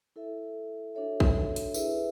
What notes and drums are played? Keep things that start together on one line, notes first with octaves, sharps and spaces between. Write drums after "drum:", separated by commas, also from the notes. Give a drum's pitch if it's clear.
E4 A4 E5
D4 F#4 A4 C#5 E5
drum: kick
drum: hi-hat
E4 G#4 B4 E5, drum: tambourine